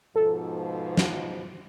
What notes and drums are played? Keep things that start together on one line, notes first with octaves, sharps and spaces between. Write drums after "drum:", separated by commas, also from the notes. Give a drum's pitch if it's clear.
G#2 B2 F3 A4
drum: snare